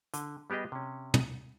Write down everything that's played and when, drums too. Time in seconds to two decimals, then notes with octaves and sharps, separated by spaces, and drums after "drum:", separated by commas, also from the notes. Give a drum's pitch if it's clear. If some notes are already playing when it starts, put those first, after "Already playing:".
0.14 D3, drum: hi-hat
0.50 G3 B3 G4 G#4 D#5
0.72 C3 C#4
1.14 drum: tom